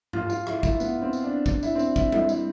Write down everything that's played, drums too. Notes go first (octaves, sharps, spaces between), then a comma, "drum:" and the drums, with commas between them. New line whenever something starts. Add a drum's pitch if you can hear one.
F4, drum: tom G#2
F4, drum: tambourine
E4, drum: rim click
E4, drum: kick, tambourine
B3, drum: tambourine
C4
drum: tambourine
D4
D4, drum: kick, tambourine
E4, drum: tambourine
C4
D4, drum: tambourine
E4, drum: kick, tambourine
E4, drum: tom G3
E4, drum: tambourine